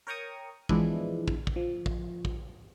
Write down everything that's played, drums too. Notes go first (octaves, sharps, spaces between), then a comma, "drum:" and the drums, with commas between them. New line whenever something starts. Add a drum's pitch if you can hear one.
A#4 C#5 G5 A#5 C#6 D#6
E3 F3 G#3 B3 D4 E4, drum: kick
drum: kick
drum: kick
F3
drum: kick
drum: kick